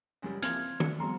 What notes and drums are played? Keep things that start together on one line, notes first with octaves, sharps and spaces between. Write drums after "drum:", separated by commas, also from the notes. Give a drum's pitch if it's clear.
C#2 F#2 G3
E3 F3 A#3 C4 C6 F6 G#6, drum: hi-hat
A3 D4 C#7, drum: tom D#3
F3 G3 B3 A#5 C6